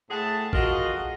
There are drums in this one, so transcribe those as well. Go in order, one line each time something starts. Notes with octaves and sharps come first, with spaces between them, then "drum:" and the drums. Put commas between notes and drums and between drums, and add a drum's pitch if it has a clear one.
A2 A3 G#4 F#5 A5
F4 F#4 G#4 A#4 D#5, drum: kick G#1